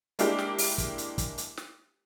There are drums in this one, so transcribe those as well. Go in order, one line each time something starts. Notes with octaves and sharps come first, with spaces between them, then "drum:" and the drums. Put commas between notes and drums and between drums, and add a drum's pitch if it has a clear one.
G#3 A#3 D4 E4 G4, drum: hi-hat
drum: snare
drum: open hi-hat
drum: kick, hi-hat
drum: hi-hat
drum: kick, hi-hat
drum: hi-hat
drum: snare